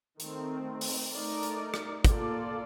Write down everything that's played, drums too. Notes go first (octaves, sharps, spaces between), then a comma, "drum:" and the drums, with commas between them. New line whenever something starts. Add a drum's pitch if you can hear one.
D#3 A3 C4, drum: hi-hat
drum: open hi-hat
A3 D#4 A#4 D5
drum: hi-hat
drum: rim click
A#3 F4 A4 D5, drum: kick, hi-hat